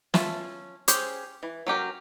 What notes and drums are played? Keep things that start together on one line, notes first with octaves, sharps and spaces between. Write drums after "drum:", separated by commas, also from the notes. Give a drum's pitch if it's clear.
C#4 F4 E5 A5, drum: snare
C#4 G4 G#4 C5, drum: hi-hat
E3
F#3 C#4 G4 A#4